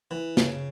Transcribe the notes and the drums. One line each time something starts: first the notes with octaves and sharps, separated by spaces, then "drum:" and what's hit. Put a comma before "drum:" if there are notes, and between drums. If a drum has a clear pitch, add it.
E3
C#3, drum: snare